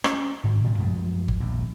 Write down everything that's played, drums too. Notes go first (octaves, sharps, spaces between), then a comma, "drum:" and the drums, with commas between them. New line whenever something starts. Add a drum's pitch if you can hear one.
C#4, drum: rim click
G#2 D#3
A2 C3 E3 G3
F#2 F3 G#3 A3
drum: kick G1
D#1 A#1 E2